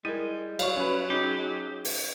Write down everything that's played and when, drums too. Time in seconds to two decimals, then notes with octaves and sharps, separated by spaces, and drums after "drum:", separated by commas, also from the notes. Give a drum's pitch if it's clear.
0.05 G3 G#3 E4 A#4
0.59 F#3 C#5 D5 F5 C#6, drum: cymbal
0.76 C#4 B4
1.10 C#4 D#4 G4 G#4
1.85 drum: open hi-hat